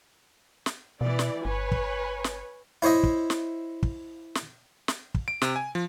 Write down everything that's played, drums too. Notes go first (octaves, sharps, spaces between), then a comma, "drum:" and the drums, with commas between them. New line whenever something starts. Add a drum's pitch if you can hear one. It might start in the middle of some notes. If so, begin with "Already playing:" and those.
drum: snare
B2 E3 E4 D5
drum: snare
G1 B4 C#5 G#5
drum: kick
drum: snare
E4 C5 C#5 D#5 E5
drum: kick
drum: snare
drum: kick
drum: snare
drum: snare
drum: kick
D7
C3, drum: snare
G#5
F3